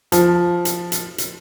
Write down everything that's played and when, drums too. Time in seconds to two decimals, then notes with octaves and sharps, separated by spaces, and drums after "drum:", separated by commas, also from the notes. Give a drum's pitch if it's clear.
0.12 F3, drum: hi-hat
0.65 drum: hi-hat
0.92 drum: hi-hat
1.18 drum: hi-hat